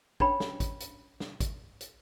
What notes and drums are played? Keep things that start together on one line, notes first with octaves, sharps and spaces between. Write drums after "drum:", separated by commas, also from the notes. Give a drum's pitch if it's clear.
C#4 D4 B4 C#5 G5 B5, drum: kick
drum: snare
drum: kick, hi-hat
drum: hi-hat
drum: snare
drum: kick, hi-hat
drum: hi-hat